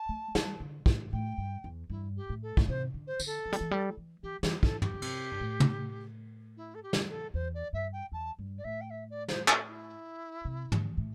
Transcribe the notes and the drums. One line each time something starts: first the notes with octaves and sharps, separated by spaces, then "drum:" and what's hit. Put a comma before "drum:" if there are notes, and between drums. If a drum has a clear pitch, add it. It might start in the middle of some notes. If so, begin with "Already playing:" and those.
Already playing: A5
A3
G3, drum: snare
D3
A2, drum: kick
A2 G5
G2
E2
G2 E4
G4
A2
A4
A2, drum: kick
C3 C5
D3
C5
D3, drum: tambourine
A4
E3
G3, drum: hi-hat
E3
G3
E3
E3 G4
E3 G4, drum: snare
E3 A4, drum: kick
G4, drum: tom
D3
C3, drum: cymbal
G2
A2
drum: tom
E4
A4
G4
drum: snare
A4
E2 C5
D5
G2 E5
G5
E2 A5
G2
D5
A2 E5
G5
E5
D5
C5, drum: snare
A4, drum: clap
E4
C3
D3, drum: tom
A2